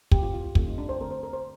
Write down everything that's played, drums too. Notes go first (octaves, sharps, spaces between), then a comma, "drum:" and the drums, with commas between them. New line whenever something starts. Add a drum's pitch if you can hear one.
D3 A3 C4 G4, drum: kick
F4
F4
F4
D3 A3 C4 F4, drum: kick
D#4
D4
C5
D3 A3 C4 A#4
C5
A#4
C5